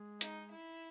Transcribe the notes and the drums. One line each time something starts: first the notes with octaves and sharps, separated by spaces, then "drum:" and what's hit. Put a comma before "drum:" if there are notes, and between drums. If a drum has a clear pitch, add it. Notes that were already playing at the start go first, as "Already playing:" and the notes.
Already playing: G#3
D#4, drum: hi-hat
E4